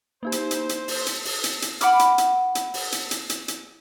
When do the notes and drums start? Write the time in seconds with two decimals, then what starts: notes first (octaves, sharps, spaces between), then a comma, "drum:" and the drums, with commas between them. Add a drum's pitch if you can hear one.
0.23 A#3 D#4 G4 C5
0.32 drum: hi-hat
0.51 drum: hi-hat
0.69 drum: hi-hat
0.88 drum: open hi-hat
1.06 drum: hi-hat
1.25 drum: open hi-hat
1.44 drum: hi-hat
1.62 drum: hi-hat
1.81 F#5 B5 D6 F6, drum: hi-hat
1.99 drum: hi-hat
2.18 drum: hi-hat
2.55 drum: hi-hat
2.74 drum: open hi-hat
2.92 drum: hi-hat
3.11 drum: hi-hat
3.30 drum: hi-hat
3.48 drum: hi-hat